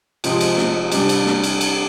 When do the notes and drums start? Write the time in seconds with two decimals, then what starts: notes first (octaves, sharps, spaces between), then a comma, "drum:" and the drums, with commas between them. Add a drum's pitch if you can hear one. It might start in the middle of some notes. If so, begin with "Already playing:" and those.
0.24 C3 F3 G#3 C4, drum: cymbal
0.41 drum: cymbal
0.58 drum: snare
0.92 C3 G3 D4 G4, drum: cymbal
1.09 drum: cymbal
1.26 drum: snare
1.44 drum: cymbal
1.61 drum: cymbal